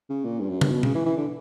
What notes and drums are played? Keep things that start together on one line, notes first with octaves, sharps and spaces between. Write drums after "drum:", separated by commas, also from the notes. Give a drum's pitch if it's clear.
C#3
A#2
G2
F#2
G2, drum: tom
B2
C#3, drum: tom B2
E3
E3
D3